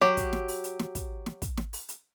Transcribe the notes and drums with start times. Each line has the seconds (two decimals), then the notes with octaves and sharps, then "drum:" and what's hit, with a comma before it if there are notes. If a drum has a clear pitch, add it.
0.01 F#3 G4, drum: snare
0.17 drum: kick, hi-hat
0.33 drum: snare
0.48 drum: open hi-hat
0.64 drum: hi-hat
0.79 drum: snare
0.95 drum: kick, hi-hat
1.26 drum: snare
1.42 drum: kick, hi-hat
1.57 drum: snare
1.73 drum: open hi-hat
1.89 drum: hi-hat